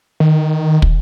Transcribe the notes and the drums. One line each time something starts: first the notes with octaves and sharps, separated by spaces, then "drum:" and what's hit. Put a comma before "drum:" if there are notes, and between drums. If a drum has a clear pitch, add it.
D#3
drum: kick